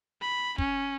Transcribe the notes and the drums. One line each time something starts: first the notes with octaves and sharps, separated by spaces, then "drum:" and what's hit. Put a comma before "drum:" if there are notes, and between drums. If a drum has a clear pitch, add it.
B5
C#4, drum: kick